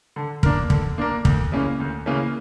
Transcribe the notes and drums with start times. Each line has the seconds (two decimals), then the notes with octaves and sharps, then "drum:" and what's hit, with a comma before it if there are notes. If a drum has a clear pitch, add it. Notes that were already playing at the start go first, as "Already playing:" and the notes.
0.16 D3
0.43 A#3 D4 A#4, drum: kick
0.70 D3, drum: kick
0.98 A#3 D4 A#4
1.25 D2, drum: kick
1.52 C#3 E3 A#3 C#4
1.80 D2
2.06 C#3 E3 A#3 C#4